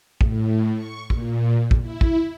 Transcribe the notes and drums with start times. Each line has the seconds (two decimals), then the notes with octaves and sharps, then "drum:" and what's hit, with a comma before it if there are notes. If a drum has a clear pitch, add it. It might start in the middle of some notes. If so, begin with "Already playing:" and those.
0.21 A2, drum: kick
0.74 C#6
1.10 A#2, drum: kick
1.71 drum: kick
1.81 E4
2.01 drum: kick